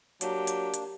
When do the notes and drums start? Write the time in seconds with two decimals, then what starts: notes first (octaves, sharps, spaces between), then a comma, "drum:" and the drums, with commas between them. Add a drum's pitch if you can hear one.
0.21 F#3 A#3 D4 G4, drum: hi-hat
0.47 drum: hi-hat
0.74 drum: hi-hat